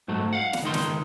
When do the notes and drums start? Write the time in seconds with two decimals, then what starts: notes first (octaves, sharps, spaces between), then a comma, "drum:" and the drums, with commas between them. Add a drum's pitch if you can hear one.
0.08 G#2 F#3 A3
0.33 F5 F#5
0.53 drum: snare
0.62 C#2 D#3 D#4 C6
0.74 drum: snare